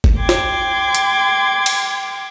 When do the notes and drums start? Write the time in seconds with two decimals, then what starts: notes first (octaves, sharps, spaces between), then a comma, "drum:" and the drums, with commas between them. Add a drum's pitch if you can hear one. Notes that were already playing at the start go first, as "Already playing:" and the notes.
0.04 drum: kick G1
0.19 G5 C6 D6 G#6
0.29 drum: snare
0.95 drum: hi-hat
1.66 drum: cymbal